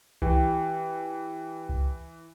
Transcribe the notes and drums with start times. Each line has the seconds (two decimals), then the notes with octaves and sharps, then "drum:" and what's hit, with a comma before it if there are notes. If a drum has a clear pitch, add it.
0.22 E3 G4 G5, drum: kick C2
1.69 drum: kick C2